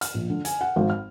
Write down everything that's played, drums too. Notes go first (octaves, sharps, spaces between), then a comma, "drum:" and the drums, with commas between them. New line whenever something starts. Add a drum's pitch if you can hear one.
F6, drum: hi-hat
A#1
D3
G#5, drum: hi-hat
F#5
G#1
F6